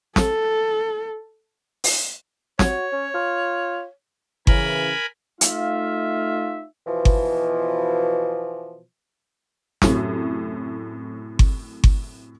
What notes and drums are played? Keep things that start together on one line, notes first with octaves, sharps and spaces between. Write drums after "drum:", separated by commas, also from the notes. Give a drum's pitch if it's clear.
A4, drum: snare
drum: open hi-hat
F#4 C#5, drum: snare
C#4
F4
C#3 E3 A#4 G#5 B5, drum: kick G1
A3 D#4 F4 E5 F5, drum: hi-hat
B2 E3 F3
drum: kick G1
F#2 A2 C3, drum: snare
drum: kick G1
drum: kick G1